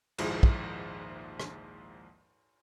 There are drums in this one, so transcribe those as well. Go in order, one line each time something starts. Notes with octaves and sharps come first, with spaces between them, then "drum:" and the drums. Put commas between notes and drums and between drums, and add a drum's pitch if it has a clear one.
A#1 D#2 G#2 F3 E4 G#4, drum: cymbal
drum: kick
drum: rim click